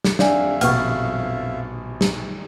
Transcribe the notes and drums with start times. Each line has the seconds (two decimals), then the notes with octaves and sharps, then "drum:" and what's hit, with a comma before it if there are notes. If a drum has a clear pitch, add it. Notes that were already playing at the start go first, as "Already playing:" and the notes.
0.04 drum: snare
0.19 F2 D4 D5 E5 F5 G#5, drum: snare
0.61 A#1 B2 A#3 B4 F#5 C#6 F6, drum: hi-hat
2.01 drum: snare